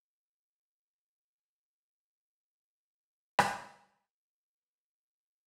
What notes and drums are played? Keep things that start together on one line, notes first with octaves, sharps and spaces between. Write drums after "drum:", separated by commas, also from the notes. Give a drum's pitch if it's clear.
E6
A5
G5
A#5
A6
G#5
F6
E5
drum: rim click
A4
A#4
B4
D#4
F#3